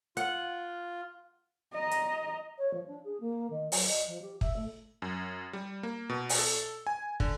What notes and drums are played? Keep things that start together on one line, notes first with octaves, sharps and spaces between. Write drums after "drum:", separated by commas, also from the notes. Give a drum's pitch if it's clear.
F4 F#5, drum: hi-hat
D#5 A#5
drum: hi-hat
C#5
F3
D4
G#4
A#3
D#3
F#3, drum: open hi-hat
D#5
F3
G4
E5, drum: kick
A3
F#2
G3
A#3
B2
drum: open hi-hat
A4
G#5
D3, drum: kick